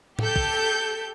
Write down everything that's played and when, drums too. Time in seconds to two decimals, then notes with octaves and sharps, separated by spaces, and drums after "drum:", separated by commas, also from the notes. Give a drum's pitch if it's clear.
0.19 G4 A4 G6, drum: tom A2
0.36 drum: kick